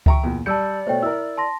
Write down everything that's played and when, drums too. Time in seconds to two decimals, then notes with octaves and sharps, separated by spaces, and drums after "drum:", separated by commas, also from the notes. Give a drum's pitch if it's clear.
0.06 E5 G5 A#5 C#6, drum: kick C#2
0.23 E2 A#2
0.46 G3 D5 A5 E6 G6 C#7
0.87 B2 A3 C5 C#5 G5
1.03 E4 A#4 E6
1.37 A5 C6 A#6